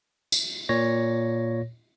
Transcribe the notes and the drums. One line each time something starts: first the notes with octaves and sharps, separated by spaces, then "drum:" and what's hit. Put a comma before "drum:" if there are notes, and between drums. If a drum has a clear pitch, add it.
drum: tambourine
A#2 C#5 A#6